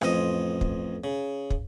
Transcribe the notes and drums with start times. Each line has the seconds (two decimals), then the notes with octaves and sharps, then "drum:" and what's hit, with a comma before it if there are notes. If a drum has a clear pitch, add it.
0.01 A1 F2 F3 D#5, drum: rim click
0.61 drum: kick
1.04 C#3
1.50 drum: kick